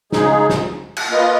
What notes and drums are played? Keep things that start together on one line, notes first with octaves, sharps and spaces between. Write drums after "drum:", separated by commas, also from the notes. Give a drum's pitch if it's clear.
C#3 G#3 D#4 G#4, drum: snare
drum: snare
drum: cymbal
A#3 F4 B4 D#5